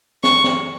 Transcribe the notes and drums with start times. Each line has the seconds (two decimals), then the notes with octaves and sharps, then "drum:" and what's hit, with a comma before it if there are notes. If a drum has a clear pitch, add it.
0.23 C#6, drum: snare
0.44 drum: snare